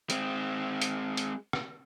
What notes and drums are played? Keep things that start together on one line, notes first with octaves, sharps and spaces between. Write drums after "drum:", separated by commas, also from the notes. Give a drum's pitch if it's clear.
G#3 C4, drum: hi-hat
drum: hi-hat
drum: hi-hat
drum: rim click